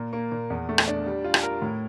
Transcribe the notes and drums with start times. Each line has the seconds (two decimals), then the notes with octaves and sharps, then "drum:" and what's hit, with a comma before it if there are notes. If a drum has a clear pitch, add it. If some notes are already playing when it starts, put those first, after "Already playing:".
Already playing: A#2 A#3
0.13 A#3
0.32 A#2
0.50 E2
0.69 A3
0.78 drum: rim click
0.88 D4
1.06 G3
1.24 F4
1.34 drum: rim click
1.43 A#4
1.62 A2